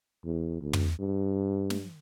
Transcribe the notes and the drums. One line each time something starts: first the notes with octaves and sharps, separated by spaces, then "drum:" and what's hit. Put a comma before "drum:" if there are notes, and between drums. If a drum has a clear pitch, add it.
E2
D2
drum: tom
G2
drum: snare